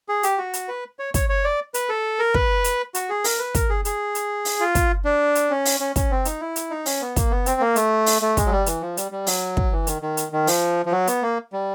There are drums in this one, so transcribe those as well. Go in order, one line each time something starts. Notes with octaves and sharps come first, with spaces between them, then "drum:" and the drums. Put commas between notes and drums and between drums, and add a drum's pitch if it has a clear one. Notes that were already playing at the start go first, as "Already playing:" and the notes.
G#4
G4, drum: hi-hat
F#4
drum: hi-hat
B4
C#5
C#5, drum: kick, hi-hat
C#5
D5
B4, drum: hi-hat
A4
A#4
B4, drum: kick
drum: hi-hat
F#4, drum: hi-hat
G#4
A#4, drum: open hi-hat
B4
A#4, drum: kick, hi-hat
G#4
G#4, drum: hi-hat
drum: hi-hat
drum: open hi-hat
F4
drum: kick, hi-hat
D4
drum: hi-hat
C#4
drum: open hi-hat
C#4
C#4, drum: kick, hi-hat
C4
D#4, drum: hi-hat
E4
drum: hi-hat
D#4
C#4, drum: open hi-hat
B3
A#3, drum: kick, hi-hat
B3
C4, drum: hi-hat
A#3
A3, drum: hi-hat
drum: open hi-hat
A3
G#3, drum: kick, hi-hat
F#3
G3
E3, drum: hi-hat
F3
G3, drum: hi-hat
G3
F#3, drum: open hi-hat
drum: kick
E3
D#3, drum: hi-hat
D#3
drum: hi-hat
D#3
F3, drum: open hi-hat
F3
F#3
B3, drum: hi-hat
A#3
G3